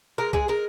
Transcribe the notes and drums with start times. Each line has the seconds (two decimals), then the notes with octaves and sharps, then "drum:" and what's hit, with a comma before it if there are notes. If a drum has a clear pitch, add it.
0.18 G#3 A#4
0.33 G#3 G#4, drum: kick C2
0.48 G#3 A#4